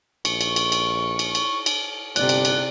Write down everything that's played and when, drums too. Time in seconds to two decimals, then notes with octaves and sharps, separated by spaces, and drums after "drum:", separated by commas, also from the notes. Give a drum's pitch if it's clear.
0.25 A#1 C#6, drum: cymbal
0.41 drum: cymbal
0.56 drum: cymbal
0.72 drum: cymbal
1.19 drum: cymbal
1.35 drum: cymbal
1.66 drum: cymbal
2.16 G1 C3 D5 F#6, drum: cymbal
2.29 drum: cymbal
2.45 drum: cymbal